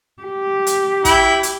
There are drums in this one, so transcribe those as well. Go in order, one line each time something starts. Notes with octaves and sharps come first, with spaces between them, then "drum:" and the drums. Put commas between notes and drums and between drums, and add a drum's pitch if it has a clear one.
G4
drum: hi-hat
E4 G5 B5, drum: kick, hi-hat
drum: hi-hat